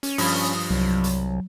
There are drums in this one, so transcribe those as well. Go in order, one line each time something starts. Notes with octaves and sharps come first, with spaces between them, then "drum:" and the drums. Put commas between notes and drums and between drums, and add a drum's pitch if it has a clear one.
C#4, drum: hi-hat
G2 F3 B5 D#6, drum: open hi-hat
C2 F#3
drum: hi-hat